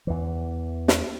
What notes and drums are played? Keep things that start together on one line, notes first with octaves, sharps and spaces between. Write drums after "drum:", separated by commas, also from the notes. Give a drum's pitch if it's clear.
E2 E3
drum: snare